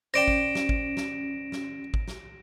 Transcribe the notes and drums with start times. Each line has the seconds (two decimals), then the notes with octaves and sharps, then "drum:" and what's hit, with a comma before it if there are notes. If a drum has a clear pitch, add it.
0.14 C#4 C5 D5 G5 A#6 D7 E7
0.28 drum: kick G#1
0.55 drum: snare
0.69 drum: kick G#1
0.97 drum: snare
1.52 drum: snare
1.94 drum: kick G#1
2.08 drum: snare